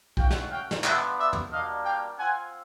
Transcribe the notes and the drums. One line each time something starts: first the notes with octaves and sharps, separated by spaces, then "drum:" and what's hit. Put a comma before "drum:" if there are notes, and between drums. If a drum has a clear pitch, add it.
A3 C#4 F#4 F5 G5, drum: kick B1
drum: snare
F5 G5
drum: snare
B3 D4 F4 E5 F#5, drum: clap
D5 E5
drum: tom
G3 A#3 D4 F#4 D#5 F5
F5 G5
C4 F4 F#5 G#5